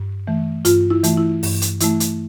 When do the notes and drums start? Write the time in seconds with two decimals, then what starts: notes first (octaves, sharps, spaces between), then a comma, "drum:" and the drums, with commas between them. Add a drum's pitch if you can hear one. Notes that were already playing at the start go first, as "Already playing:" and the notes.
Already playing: G2
0.27 E3 A3
0.65 G2 F4, drum: hi-hat
0.90 E4
1.04 E3 A3, drum: hi-hat
1.17 E4
1.43 G2, drum: open hi-hat
1.62 drum: hi-hat
1.80 E3 A3 E4, drum: hi-hat
2.00 drum: hi-hat